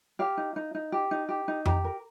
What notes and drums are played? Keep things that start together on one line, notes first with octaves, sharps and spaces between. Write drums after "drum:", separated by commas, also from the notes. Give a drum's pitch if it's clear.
G4 F5
D#4
D#4
D#4
G4
D#4
G4
D#4
G4 A#5, drum: tom F2
A#4